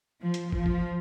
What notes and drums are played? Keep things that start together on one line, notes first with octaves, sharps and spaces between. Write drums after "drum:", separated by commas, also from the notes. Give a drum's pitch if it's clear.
F3
drum: hi-hat
F3, drum: kick
drum: kick